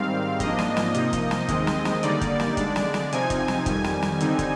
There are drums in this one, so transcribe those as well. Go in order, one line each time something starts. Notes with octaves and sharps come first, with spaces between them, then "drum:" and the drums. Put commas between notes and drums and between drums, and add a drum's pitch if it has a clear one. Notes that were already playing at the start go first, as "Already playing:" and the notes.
Already playing: G#2 D#3 G3 C4 F5
G#2 F3 A#3 D4 D#5, drum: kick, hi-hat
drum: snare
drum: snare
C3 F3 A#3 D#4, drum: hi-hat
drum: kick, hi-hat
drum: snare
D#2 D#3 G#3 C4, drum: kick, hi-hat
drum: snare
drum: snare
D3 G3 A#3 D#4 D5, drum: hi-hat
drum: kick, hi-hat
drum: snare
D3 G#3 D4 D5, drum: kick, hi-hat
drum: snare
drum: snare
C3 F3 C4 D#4 G#5, drum: hi-hat
drum: kick, hi-hat
drum: snare
F2 D#3 G3 G#5, drum: kick, hi-hat
drum: snare
drum: snare
D3 G3 C4 D#4, drum: hi-hat
drum: kick, hi-hat